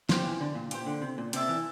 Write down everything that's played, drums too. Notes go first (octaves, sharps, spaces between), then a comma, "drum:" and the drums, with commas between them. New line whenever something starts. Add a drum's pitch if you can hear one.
F3 G4 C5 G5, drum: snare
E3
D3
A#2
A#2 G4 C5 G5, drum: hi-hat
D3
C3
A#2
C3 D4 A4 E5, drum: hi-hat
E3